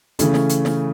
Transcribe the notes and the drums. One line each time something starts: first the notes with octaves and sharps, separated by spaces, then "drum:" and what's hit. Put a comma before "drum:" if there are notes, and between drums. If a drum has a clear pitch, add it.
C#3 E3 A3 C#4, drum: hi-hat
drum: snare
drum: hi-hat
drum: snare